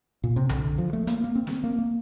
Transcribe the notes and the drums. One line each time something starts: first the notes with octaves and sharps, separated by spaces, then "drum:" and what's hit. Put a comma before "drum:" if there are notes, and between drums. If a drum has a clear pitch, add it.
A#2
C3
D3, drum: tom B1
F3
A3
A#3, drum: hi-hat
A#3
C4
drum: snare
A#3
A#3